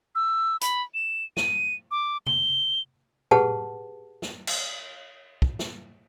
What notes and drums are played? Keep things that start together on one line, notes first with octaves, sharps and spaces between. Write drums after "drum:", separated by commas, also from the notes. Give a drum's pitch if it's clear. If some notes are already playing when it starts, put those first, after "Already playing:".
E6
B5, drum: hi-hat
E7
D#7, drum: snare
D6
G7, drum: tom C3
G4 G#4 B4 F#5 A5, drum: tom A2
drum: snare
drum: cymbal
drum: kick
drum: snare